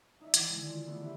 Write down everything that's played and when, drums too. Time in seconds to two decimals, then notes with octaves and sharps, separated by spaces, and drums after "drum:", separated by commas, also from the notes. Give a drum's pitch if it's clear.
0.19 D4 D#4 D#5 E5
0.34 E3, drum: hi-hat
0.50 D3 D#3 G#3
0.69 F4
0.86 A3 B3 D4 F4 A4
1.00 E4 G4 G#4 C5 E5